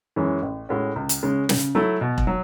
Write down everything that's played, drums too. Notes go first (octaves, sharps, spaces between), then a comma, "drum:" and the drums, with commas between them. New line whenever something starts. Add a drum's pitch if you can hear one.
F#2 E3 G#3 C#4
A1
A2 G#3 C#4 F#4
C#2
drum: hi-hat
C#3 G#3 C#4
C#3, drum: snare
F#3 A3 E4
B2
drum: kick E1
F#3